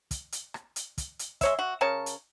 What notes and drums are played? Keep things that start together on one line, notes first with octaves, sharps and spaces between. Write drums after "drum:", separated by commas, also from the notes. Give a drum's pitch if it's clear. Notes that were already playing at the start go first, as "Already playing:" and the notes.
drum: kick, hi-hat
drum: hi-hat
drum: rim click
drum: hi-hat
drum: kick, hi-hat
drum: hi-hat
G#3 C#5 E5, drum: kick, hi-hat
F#4
C#3 A#4 C#5 A5
drum: hi-hat